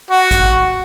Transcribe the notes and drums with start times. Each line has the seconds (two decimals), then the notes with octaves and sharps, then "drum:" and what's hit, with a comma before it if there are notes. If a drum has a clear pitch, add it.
0.11 F#4
0.31 drum: kick A1, hi-hat